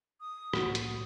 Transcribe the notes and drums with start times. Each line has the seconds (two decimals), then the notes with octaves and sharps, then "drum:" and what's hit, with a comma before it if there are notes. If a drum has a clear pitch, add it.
0.21 D#6
0.54 C2 A2 A#3 F#4, drum: rim click
0.75 drum: hi-hat